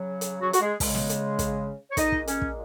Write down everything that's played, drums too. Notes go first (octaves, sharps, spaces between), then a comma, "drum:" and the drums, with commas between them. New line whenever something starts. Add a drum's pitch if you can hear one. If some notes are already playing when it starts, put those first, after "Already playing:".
Already playing: C#3 F#3
drum: hi-hat
F#3 F#4
F#4, drum: hi-hat
G#3 G#4
C#3 G#3, drum: kick, open hi-hat
drum: snare
drum: hi-hat
drum: kick, hi-hat
C#5
A#2 G#3 D#4 D#5, drum: kick, hi-hat
drum: kick
C#4, drum: hi-hat
drum: kick